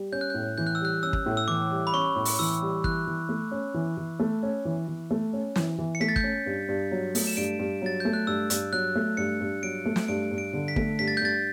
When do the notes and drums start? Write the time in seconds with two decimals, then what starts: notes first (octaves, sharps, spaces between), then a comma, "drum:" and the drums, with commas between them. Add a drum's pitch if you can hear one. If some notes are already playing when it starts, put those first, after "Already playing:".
Already playing: G3
0.12 C#4 G6
0.21 F#6
0.30 A2 G6
0.58 E3 G6
0.67 F#6
0.75 E6
0.80 G3 F#6
1.03 C#4 E6
1.13 drum: kick
1.26 A2
1.37 E6
1.48 E3 D6
1.71 G3
1.87 B5
1.93 C#4 C#6
2.16 A2
2.25 drum: open hi-hat
2.39 E3 E6
2.62 G3
2.84 E3 F#6, drum: kick
3.07 E3
3.29 A3
3.51 C#4
3.74 E3
3.97 E3
4.20 A3
4.43 C#4
4.65 E3
4.88 E3
5.11 A3
5.33 C#4
5.56 E3, drum: snare
5.78 E3
5.95 C#7
6.00 A3 B6
6.09 A6
6.16 G6, drum: kick
6.24 C#4
6.46 G2
6.68 G2
6.92 F#3
7.15 A3, drum: open hi-hat
7.27 E7
7.37 G2 D7
7.59 G2
7.82 F#3 A6
8.00 A3 G6
8.13 F#6
8.27 G2 E6
8.50 G2, drum: hi-hat
8.73 F#3 F#6
8.95 A3
9.17 G2 C#7
9.40 G2
9.63 F#3 D7
9.86 A3
9.96 drum: snare
10.08 G2 D7
10.31 G2
10.38 D7
10.53 D3
10.68 B6
10.76 A3, drum: kick
10.99 G2 B6
11.08 A6
11.17 G6
11.21 G2 A6